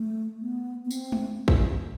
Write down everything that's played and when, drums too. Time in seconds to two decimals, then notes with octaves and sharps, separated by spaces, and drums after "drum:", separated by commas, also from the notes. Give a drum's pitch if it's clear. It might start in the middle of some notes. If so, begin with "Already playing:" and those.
Already playing: A3
0.41 B3
0.85 B3
0.91 C4, drum: tambourine
1.12 drum: tom G#3
1.48 drum: kick